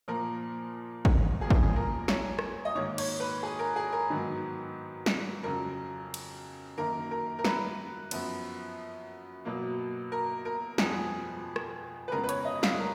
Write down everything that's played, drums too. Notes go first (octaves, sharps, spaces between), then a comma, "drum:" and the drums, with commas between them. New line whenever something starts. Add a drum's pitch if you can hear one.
A#2 F3 A#3 A#4
drum: kick
F2 F3 A#3 G#4
drum: kick
A#4
C#5, drum: snare
drum: rim click
D#5
G#2 D#3 A#3 C#5
C#5, drum: cymbal
B4
G#4
A#4
G#4
A#4
G#2 D#3 F#3 B3
drum: snare
F2 C#3 F#3 A#4
drum: cymbal
F#2 D#3 A#3 A#4
A#4
A#4
B4, drum: snare
F#2 F3 B3, drum: cymbal
B2 F#3 A#3
A#4
A#4
F2 F3 B3 G#4, drum: snare
drum: rim click
B4
F2 C#3 G#3 B3 A#4
B4
C#5, drum: hi-hat
D#5
F5, drum: snare
A#4